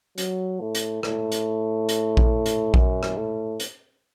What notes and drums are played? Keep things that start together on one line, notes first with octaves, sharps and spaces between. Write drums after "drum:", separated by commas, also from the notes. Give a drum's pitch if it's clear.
F#3, drum: hi-hat
A2
drum: hi-hat
A2, drum: rim click
drum: hi-hat
drum: hi-hat
drum: kick A#1
drum: hi-hat
F#2, drum: kick A#1
drum: rim click
A2
drum: hi-hat